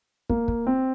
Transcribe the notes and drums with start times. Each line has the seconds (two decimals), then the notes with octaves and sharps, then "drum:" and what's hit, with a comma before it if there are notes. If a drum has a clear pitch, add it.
0.29 A#3, drum: kick
0.48 drum: kick
0.67 C4